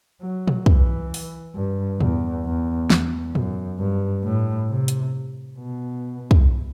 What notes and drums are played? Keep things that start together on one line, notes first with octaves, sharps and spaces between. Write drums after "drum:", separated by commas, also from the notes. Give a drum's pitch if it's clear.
F#3
drum: tom
E3, drum: kick
drum: open hi-hat
G2
E2, drum: tom A2
E2
E2, drum: snare
F#2, drum: tom A2
G2
A2
C3
drum: hi-hat
B2
drum: kick